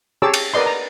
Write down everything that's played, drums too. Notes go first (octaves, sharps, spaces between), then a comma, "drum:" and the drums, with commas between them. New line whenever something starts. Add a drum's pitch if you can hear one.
G4 G#4 C#5 A5 D6 E6
drum: cymbal
A#4 B4 D5 D#5 C6
A#5